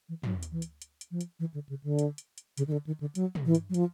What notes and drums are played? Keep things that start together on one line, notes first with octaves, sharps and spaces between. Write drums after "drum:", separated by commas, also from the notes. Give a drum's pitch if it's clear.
E3
F#3, drum: tom
drum: hi-hat
E3
drum: hi-hat
drum: hi-hat
drum: hi-hat
F3
drum: hi-hat
E3
D3
C#3
D3
drum: hi-hat
drum: hi-hat
drum: hi-hat
C#3, drum: hi-hat
D#3
D3
D#3
D3
F#3, drum: hi-hat
drum: tom
E3
drum: hi-hat
F#3
F3, drum: hi-hat